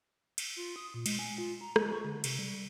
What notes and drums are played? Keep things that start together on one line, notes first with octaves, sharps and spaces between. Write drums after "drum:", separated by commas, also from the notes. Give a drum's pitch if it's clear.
drum: cymbal
F4
D#6
A#2
G#3, drum: cymbal
G#5
F4
A#5
G#3, drum: rim click
C#6
D3
C3, drum: cymbal
G3